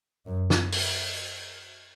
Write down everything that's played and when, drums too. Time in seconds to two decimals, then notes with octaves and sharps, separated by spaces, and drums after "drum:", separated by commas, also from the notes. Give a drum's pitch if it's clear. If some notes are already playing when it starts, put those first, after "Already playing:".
0.26 F#2
0.50 drum: snare
0.72 drum: open hi-hat